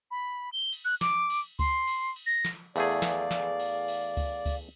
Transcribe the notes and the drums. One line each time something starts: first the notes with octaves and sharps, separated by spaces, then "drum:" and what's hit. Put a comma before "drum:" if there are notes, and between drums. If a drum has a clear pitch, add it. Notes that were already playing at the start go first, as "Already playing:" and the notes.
B5
G7
drum: cymbal
F#6
D6, drum: snare
drum: cymbal
C6, drum: kick C#2, cymbal
drum: cymbal
drum: cymbal
A#6
drum: snare
E2 A3 G#4 D5 F5, drum: cymbal
drum: snare
drum: snare
drum: cymbal
drum: cymbal
drum: kick C#2, cymbal
drum: kick C#2, cymbal